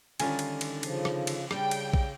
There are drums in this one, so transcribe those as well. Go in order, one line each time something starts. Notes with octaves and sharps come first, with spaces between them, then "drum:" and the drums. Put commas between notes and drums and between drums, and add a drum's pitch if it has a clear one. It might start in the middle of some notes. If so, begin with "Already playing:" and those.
D3 D#3 G3 C#4 F4 G#5, drum: cymbal
drum: cymbal
drum: cymbal
C#3 F3, drum: cymbal
drum: rim click
drum: cymbal
C#3 G3 D4 G5, drum: rim click
drum: cymbal
drum: kick A#1